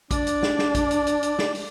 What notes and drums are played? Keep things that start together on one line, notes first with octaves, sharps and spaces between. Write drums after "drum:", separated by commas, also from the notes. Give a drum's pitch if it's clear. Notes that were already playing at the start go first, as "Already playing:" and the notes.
D4 D5, drum: kick, hi-hat
drum: hi-hat
drum: snare
drum: snare
drum: kick, hi-hat
drum: hi-hat
drum: hi-hat
drum: hi-hat
drum: snare
drum: open hi-hat